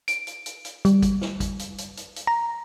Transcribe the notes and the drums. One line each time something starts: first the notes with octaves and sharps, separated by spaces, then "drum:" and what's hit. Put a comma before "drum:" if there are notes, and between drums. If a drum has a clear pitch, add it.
D7, drum: hi-hat
drum: hi-hat
drum: hi-hat
drum: hi-hat
G3, drum: hi-hat
drum: kick, hi-hat
drum: snare
drum: kick, hi-hat
drum: hi-hat
drum: hi-hat
drum: hi-hat
drum: hi-hat
A#5